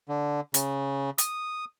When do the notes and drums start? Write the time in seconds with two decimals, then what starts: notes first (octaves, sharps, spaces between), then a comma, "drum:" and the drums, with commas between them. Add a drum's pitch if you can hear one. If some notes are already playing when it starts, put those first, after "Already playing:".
0.08 D3
0.54 C#3, drum: hi-hat
1.18 D#6, drum: hi-hat